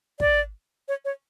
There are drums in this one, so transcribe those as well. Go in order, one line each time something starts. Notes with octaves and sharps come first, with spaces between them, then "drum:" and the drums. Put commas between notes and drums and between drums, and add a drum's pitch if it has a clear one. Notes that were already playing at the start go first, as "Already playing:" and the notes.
D5, drum: kick
C#5
C#5